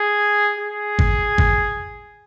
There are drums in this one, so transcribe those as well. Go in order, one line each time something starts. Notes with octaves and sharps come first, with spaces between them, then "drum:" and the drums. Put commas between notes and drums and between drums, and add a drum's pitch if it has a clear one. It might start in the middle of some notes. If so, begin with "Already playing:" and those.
Already playing: G#4
G#4
drum: kick
drum: kick